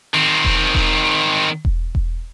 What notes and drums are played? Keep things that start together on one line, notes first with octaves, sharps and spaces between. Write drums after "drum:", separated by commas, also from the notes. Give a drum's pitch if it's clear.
D#3 C4
drum: kick E1
drum: kick E1
drum: kick E1
drum: kick E1